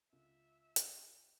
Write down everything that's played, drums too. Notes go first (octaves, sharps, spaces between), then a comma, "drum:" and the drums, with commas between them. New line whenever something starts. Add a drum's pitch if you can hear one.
C#2 E5
drum: hi-hat